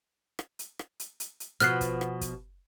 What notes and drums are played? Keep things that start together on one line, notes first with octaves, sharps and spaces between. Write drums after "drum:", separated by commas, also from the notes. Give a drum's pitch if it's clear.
drum: rim click
drum: hi-hat
drum: rim click
drum: hi-hat
drum: hi-hat
drum: hi-hat
B2 F3 B3 F6 F#6 C7, drum: hi-hat
drum: kick, hi-hat
drum: rim click
drum: kick, hi-hat